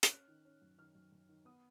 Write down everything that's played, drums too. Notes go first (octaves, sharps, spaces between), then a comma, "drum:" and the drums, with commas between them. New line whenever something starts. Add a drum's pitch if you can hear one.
F6, drum: hi-hat
C#4 F#6
D#3
C#4
F#2
D#3 F6
F#2
F#2
D#3
B3 D#6